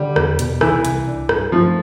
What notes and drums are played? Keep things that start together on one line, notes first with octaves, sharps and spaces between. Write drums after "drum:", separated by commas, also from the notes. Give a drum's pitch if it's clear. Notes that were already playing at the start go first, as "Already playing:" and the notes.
Already playing: D3 G3
E2, drum: rim click
B2, drum: hi-hat
C2 E3, drum: rim click
C2, drum: hi-hat
D4
G2, drum: rim click
F3 A3